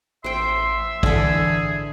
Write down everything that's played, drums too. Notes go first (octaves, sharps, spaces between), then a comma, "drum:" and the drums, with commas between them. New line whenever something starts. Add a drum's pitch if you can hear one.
A1 C5 E5 G5 C6
D3 E3 G#4 A4, drum: kick